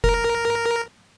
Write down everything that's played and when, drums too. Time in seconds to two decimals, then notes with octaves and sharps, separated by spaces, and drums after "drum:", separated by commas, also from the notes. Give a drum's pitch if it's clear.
0.04 A#4, drum: kick F1